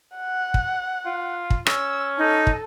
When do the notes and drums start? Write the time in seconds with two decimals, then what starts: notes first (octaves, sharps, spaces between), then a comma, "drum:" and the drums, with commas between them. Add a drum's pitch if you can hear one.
0.17 F#5
0.54 drum: kick
1.06 F4
1.50 drum: kick
1.66 C#4 E6, drum: rim click
2.18 D#4 A4
2.47 drum: kick